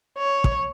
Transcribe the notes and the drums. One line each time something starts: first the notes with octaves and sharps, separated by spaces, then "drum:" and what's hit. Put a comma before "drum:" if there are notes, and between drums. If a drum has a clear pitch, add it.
C#5
drum: kick